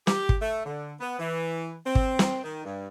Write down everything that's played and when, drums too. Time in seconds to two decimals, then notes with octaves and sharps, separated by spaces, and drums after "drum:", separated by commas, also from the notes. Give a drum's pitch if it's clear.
0.07 G4, drum: snare
0.29 drum: kick
0.41 A3
0.66 D3
1.00 B3
1.19 E3
1.86 C4
1.95 drum: kick
2.19 drum: snare
2.44 D#3
2.65 G2